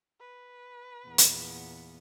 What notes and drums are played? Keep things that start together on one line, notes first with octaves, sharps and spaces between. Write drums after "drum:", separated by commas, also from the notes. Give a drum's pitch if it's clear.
B4
E2 A#2 B3
drum: hi-hat